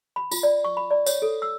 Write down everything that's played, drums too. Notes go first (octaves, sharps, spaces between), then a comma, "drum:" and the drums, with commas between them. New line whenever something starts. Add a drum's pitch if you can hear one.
B5
F4, drum: tambourine
D5
C#6
B5
D5
C#5, drum: tambourine
A4
E6